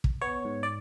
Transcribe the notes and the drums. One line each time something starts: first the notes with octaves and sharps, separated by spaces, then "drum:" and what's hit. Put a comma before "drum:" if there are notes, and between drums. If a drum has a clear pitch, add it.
drum: kick
B3 C#5
G#2
D5